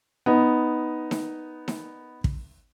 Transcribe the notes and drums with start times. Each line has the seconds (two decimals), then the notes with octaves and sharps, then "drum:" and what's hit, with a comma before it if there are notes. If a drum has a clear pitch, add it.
0.26 B3 D#4
1.11 drum: snare D#4
1.68 drum: snare D#4
2.24 drum: kick